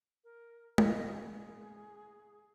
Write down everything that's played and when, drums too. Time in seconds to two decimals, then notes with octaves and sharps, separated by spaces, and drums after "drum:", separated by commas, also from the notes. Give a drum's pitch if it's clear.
0.24 A#4
0.78 A#2 C#3 E3 D#5, drum: tom G#3
1.15 G#4